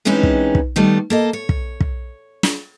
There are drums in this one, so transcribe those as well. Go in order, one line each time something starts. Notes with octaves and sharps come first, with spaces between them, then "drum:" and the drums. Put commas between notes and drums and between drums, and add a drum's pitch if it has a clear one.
E3 G#3 C4 C#4 D#4 B4
drum: kick
drum: kick
D#3 G3 A3 B3 A4
A#3 A4 D#5
C#5
drum: kick
drum: kick
drum: snare